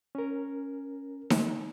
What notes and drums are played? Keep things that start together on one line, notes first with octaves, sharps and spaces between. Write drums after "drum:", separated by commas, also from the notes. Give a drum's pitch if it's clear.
C#4 A#4
drum: snare D#4